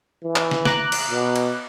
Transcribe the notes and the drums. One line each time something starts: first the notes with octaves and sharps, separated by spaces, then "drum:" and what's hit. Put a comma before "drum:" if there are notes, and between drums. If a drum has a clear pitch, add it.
E3
drum: clap
drum: snare
A#5 D6 F#6, drum: snare
drum: cymbal
B2
drum: cymbal